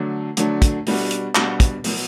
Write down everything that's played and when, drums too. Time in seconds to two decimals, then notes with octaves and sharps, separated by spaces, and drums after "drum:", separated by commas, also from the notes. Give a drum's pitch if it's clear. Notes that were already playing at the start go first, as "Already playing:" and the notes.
Already playing: D3 F#3 A3 D4
0.37 D3 F#3 A3 D4, drum: hi-hat
0.62 drum: kick, hi-hat
0.87 B2 G3 D4 F#4, drum: open hi-hat
1.11 drum: hi-hat
1.35 B2 G3 D4 F#4, drum: clap
1.60 drum: kick, hi-hat
1.84 B2 F#3 B3, drum: open hi-hat